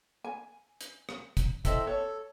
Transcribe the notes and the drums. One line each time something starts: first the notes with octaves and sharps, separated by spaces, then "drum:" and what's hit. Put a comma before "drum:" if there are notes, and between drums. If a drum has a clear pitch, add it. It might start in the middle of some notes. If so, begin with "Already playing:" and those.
G#5
drum: hi-hat
drum: rim click
drum: kick, hi-hat
C4 E4 A4 D#5 E5, drum: kick, hi-hat
A4 C#5